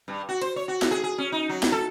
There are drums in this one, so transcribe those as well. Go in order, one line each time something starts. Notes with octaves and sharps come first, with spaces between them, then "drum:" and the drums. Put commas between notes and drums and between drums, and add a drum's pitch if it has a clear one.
G2
F#4
C5, drum: cymbal
C#5
F#4
drum: snare
G#4
G#4
C#4
D#4
F#3
drum: snare
A4